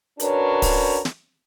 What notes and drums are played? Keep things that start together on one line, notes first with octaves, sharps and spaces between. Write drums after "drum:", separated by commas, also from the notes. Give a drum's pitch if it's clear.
C#4 D4 F#4 A#4 B4 C#5, drum: hi-hat
drum: kick, open hi-hat
drum: snare